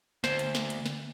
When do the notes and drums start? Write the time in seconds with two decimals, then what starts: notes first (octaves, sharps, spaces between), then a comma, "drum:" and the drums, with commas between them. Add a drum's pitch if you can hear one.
0.24 D2 C5, drum: snare
0.39 drum: hi-hat
0.55 drum: snare
0.70 drum: hi-hat
0.86 drum: snare